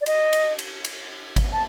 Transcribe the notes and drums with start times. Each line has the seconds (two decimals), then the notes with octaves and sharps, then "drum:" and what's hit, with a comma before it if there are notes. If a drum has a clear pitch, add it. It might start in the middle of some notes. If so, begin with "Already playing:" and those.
0.01 D5
0.06 D#5, drum: cymbal
0.33 drum: cymbal
0.59 drum: cymbal
0.85 drum: cymbal
1.36 drum: kick G#1, cymbal
1.52 A5